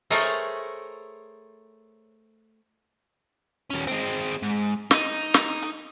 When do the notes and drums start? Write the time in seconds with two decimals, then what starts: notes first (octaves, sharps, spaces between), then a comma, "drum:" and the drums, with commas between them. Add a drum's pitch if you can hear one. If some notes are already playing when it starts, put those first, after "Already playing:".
0.11 A3 G#4 A#4 C5 C#5, drum: open hi-hat
3.70 D#2 C#4
3.87 G#3 C4, drum: hi-hat
4.43 G#2
4.91 D#4, drum: snare
5.34 drum: snare
5.63 drum: hi-hat